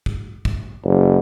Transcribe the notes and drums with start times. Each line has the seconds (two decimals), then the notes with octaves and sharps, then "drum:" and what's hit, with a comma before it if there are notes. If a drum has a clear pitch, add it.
0.06 drum: kick
0.45 drum: kick
0.84 F#1